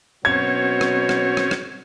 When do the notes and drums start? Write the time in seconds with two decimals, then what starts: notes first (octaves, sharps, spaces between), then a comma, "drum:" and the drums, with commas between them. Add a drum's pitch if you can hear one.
0.25 B2 F#3 C4 C#4 F#4 C#5 G#6
0.81 drum: rim click
1.09 drum: rim click
1.37 drum: rim click
1.51 drum: rim click